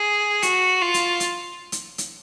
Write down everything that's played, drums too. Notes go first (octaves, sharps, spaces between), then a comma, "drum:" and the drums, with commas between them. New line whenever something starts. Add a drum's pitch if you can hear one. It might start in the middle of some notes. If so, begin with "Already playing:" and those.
Already playing: G#4
F#4, drum: hi-hat
F4
drum: hi-hat
drum: hi-hat
drum: hi-hat
drum: hi-hat